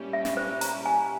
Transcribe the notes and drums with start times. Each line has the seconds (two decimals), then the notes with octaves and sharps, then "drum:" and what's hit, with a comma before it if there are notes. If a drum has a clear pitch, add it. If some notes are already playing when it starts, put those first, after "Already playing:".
Already playing: A#2 G3 C#4 E4 G4
0.13 E5
0.25 drum: snare
0.37 C5
0.61 A#5, drum: hi-hat
0.85 G#5